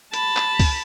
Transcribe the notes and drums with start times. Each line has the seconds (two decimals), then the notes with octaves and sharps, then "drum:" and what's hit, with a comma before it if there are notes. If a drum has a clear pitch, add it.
0.14 A5 B5, drum: hi-hat
0.37 drum: clap
0.60 drum: kick C#2, open hi-hat